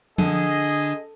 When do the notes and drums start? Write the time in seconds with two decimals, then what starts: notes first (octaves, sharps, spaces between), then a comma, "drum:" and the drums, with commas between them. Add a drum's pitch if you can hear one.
0.18 D3 G#4 D#5, drum: tom F3